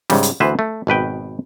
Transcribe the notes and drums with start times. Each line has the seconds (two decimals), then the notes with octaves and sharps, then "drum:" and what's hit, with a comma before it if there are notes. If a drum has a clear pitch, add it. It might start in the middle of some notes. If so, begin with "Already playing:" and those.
0.10 G#2 C#3 G3, drum: snare
0.23 drum: hi-hat
0.40 D2 E3 B3 B4 C5 E5
0.59 A3
0.87 G#1 B2 B4 G5